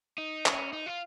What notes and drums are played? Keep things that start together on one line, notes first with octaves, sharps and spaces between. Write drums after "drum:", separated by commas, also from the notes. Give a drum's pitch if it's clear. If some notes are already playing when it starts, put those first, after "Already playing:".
D#4
C#4, drum: clap
D#4
F4